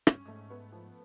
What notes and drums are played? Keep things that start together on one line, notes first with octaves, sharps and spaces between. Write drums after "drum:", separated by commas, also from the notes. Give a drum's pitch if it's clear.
G#2 C#4, drum: rim click
G2
G#2 A3
B3
F3